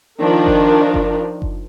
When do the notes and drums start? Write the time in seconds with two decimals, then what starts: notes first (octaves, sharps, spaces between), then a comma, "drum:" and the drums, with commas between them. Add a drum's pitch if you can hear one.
0.22 D#3 F3 D4 A#4
0.46 drum: kick F#1
0.94 drum: kick F#1
1.42 drum: kick F#1